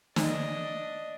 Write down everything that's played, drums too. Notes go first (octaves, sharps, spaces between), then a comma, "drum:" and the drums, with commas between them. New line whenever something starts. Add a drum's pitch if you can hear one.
D4 D#5, drum: snare